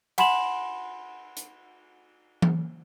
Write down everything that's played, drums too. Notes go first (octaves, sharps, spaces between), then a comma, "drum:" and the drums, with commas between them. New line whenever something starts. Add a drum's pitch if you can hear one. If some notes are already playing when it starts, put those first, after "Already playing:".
F#5 G#5 B5 C6 E7 F#7, drum: cymbal
drum: hi-hat
drum: tom E3